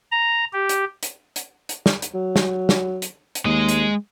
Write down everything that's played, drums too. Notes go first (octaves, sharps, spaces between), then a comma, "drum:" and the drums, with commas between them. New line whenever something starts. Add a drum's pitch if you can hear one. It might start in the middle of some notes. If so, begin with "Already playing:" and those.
A#5
G4
drum: hi-hat
drum: hi-hat
drum: hi-hat
drum: hi-hat
drum: snare
drum: hi-hat
F#3
drum: snare
drum: snare
drum: hi-hat
drum: hi-hat
D#2 G#3 D#5
drum: hi-hat